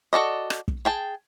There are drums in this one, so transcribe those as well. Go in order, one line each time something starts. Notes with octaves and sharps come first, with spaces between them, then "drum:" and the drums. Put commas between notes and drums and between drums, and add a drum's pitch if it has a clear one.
F#4 A4 D5 D#5
drum: rim click
drum: kick
G#4 G5 A5